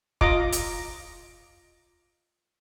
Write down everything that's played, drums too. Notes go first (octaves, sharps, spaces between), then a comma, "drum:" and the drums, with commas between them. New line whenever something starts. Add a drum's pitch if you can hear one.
F4 D#5 A#5 D6, drum: kick
drum: hi-hat